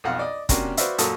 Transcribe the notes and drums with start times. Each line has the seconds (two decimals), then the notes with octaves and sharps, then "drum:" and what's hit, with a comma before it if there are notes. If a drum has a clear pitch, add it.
0.04 B1 F2 F5 F#5 F6 F#6
0.19 D5 D#5
0.49 C3 A#3 C#4 D4 F#4, drum: kick, hi-hat
0.77 F#4 B4 C5 D5 E5 F5, drum: hi-hat
0.98 F#2 A#2 F#4 A4 C#6 D#6, drum: hi-hat